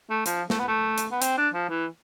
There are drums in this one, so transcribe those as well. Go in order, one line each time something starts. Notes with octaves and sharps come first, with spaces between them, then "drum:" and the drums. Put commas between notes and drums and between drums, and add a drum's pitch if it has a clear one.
A3
F3, drum: hi-hat
A3, drum: snare
B3
A3
drum: hi-hat
B3
C4, drum: hi-hat
D4
F3
E3